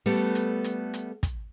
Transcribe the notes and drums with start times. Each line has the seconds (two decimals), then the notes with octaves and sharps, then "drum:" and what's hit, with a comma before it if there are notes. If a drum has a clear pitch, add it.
0.06 G3 A3 B3 A4
0.35 drum: hi-hat
0.64 drum: hi-hat
0.94 drum: hi-hat
1.23 drum: kick, hi-hat